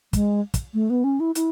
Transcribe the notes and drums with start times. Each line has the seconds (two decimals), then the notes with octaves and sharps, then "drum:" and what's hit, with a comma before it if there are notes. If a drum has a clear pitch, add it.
0.13 G#3, drum: kick, hi-hat
0.54 drum: kick, hi-hat
0.74 A3
0.90 B3
1.04 C#4
1.20 E4
1.35 E4, drum: hi-hat